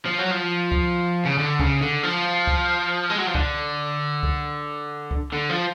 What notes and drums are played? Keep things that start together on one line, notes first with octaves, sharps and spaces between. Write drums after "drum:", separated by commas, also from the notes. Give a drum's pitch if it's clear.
F3
F#3
F3
drum: kick C#2
C#3
D3
C#3, drum: kick C#2
D3
F3
drum: kick C#2
G#3
F#3
F3
D3, drum: kick C#2
drum: kick C#2
drum: kick C#2
D3
F3